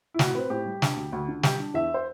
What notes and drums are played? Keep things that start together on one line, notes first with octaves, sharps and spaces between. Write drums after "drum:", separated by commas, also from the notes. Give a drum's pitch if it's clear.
E4
A2 F#4, drum: snare
C4 B4
A2 G4
G3
D4, drum: snare
D2
D2
D3
G3 G4, drum: snare
D4
E2 E5
C5